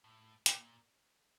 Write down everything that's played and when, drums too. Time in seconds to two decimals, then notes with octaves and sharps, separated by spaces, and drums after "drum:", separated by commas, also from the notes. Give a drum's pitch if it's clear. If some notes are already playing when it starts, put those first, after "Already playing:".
0.04 A2
0.46 A#2, drum: hi-hat